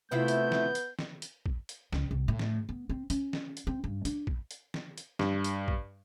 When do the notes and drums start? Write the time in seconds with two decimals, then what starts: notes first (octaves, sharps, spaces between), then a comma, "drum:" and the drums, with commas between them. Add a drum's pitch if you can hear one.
0.12 C3 A3 B3 E4 F4 G6
0.28 drum: hi-hat
0.52 drum: snare
0.75 drum: hi-hat
0.99 drum: snare
1.22 drum: hi-hat
1.46 drum: kick
1.69 drum: hi-hat
1.92 C#2, drum: snare
2.11 C2
2.28 A2
2.39 drum: snare
2.69 B3
2.89 C4
3.10 C#4, drum: hi-hat
3.33 drum: snare
3.57 drum: hi-hat
3.67 C4
3.84 G2
4.05 D4, drum: hi-hat
4.27 drum: kick
4.51 drum: hi-hat
4.74 drum: snare
4.98 drum: hi-hat
5.19 G2, drum: snare
5.44 drum: hi-hat
5.68 drum: kick